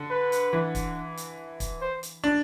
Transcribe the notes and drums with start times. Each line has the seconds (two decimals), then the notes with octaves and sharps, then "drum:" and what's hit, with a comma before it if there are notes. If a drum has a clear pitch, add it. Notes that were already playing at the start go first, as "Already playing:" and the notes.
Already playing: D3
0.11 B4
0.32 drum: hi-hat
0.53 E3
0.75 drum: kick, hi-hat
1.17 drum: hi-hat
1.60 drum: kick, hi-hat
1.81 C5
2.03 drum: hi-hat
2.24 D4